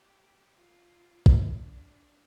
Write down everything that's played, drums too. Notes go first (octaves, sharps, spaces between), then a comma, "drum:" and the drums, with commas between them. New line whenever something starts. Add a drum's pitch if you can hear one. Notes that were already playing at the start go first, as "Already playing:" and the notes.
Already playing: G4
F4
drum: kick
D4